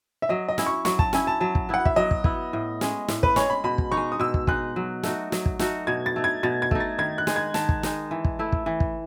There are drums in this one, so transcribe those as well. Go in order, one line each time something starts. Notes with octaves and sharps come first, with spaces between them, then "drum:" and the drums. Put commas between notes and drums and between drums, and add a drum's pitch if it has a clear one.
E5
F#3 D#5
D#5
C#4 E4, drum: snare
C#6
F#3 C#6, drum: snare
A5, drum: kick
C#4 E4 G#5, drum: snare
A5
F#3 A5
drum: kick
B3 E4 F#5
E5, drum: kick
F#3 D#5
drum: kick
B3 E4, drum: kick
A2
G#3 C#4, drum: snare
A2, drum: snare
B4, drum: kick
G#3 C#4 C#5, drum: snare
B5
B2 B5
drum: kick
D#4 C#6
G#3
D#6
B2 E6
drum: kick
G#3 D#4 F#6, drum: kick
F#3
A3 D#4 F#4, drum: snare
F#3, drum: snare
drum: kick
A3 D#4 F#4, drum: snare
B2 G#6
A6
A3 D#4
G#6
B2 A6
G#6
A3 D#4, drum: kick
A6
D#3 G#6
F#6
G#3 D#4, drum: snare
G#6
D#3 A5, drum: snare
drum: kick
G#3 D#4, drum: snare
E3
drum: kick
A3 E4
drum: kick
E3
drum: kick